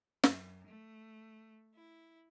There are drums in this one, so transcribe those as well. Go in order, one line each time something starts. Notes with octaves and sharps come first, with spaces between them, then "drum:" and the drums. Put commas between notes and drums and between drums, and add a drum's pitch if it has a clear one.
F#2, drum: snare
A3
E4